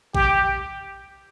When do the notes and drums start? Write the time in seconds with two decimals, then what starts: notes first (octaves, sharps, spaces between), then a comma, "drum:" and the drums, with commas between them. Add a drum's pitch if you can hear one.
0.15 G4, drum: kick A#1